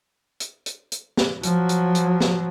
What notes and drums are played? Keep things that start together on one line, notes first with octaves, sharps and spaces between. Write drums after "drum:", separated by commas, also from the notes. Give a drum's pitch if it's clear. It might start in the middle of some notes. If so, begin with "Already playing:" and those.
drum: hi-hat
drum: hi-hat
drum: hi-hat
drum: snare
F3 F#3, drum: hi-hat
drum: hi-hat
drum: hi-hat
drum: snare